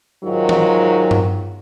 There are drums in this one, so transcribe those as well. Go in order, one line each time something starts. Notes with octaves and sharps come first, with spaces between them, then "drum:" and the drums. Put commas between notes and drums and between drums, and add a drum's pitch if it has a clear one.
G#2 D#3 F#3 F4
drum: tom E3
drum: tom G2